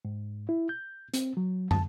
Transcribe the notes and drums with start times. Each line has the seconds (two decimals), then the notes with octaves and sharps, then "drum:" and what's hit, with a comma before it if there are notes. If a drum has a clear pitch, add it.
0.05 G#2
0.49 E4
0.69 G6
1.14 C4, drum: hi-hat
1.37 F#3
1.71 A5, drum: tom